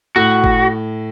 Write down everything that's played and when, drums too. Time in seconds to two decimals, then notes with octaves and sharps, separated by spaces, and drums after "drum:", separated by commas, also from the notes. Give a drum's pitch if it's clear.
0.16 A2 F#4
0.44 drum: kick F#1